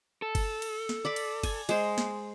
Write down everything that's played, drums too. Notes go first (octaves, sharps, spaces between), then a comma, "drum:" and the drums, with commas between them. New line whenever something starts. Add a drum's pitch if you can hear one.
A4
drum: kick F#1, cymbal
drum: cymbal
drum: snare
D5 B5 D6
drum: cymbal
G#5, drum: kick F#1, cymbal
G#3 G#4 C5, drum: cymbal
drum: snare